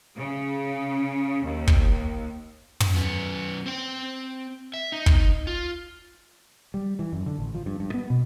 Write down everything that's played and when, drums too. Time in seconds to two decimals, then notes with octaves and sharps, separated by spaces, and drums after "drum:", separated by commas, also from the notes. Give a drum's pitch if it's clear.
0.17 C#3
1.44 D#2
1.67 drum: kick
2.80 drum: tom
2.94 F#2 B3
3.66 C4 C5
4.74 E5
4.92 D#4
5.06 drum: kick
5.47 F4
6.74 G3
6.99 E3
7.12 F#2
7.26 D3
7.39 A1
7.55 F3
7.66 G2
7.80 G2
7.94 B3
8.10 B2